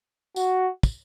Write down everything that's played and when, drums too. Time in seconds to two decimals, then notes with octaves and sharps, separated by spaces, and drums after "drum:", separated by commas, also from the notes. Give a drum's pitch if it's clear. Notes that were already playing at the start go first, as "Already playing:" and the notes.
0.36 F#4, drum: tambourine
0.83 drum: kick, tambourine